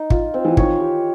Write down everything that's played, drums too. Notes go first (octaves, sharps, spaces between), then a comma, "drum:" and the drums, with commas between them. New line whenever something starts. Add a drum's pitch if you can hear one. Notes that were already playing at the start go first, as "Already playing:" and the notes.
Already playing: D#4
F4, drum: kick
C4
E3
D#3 C#5, drum: kick
G4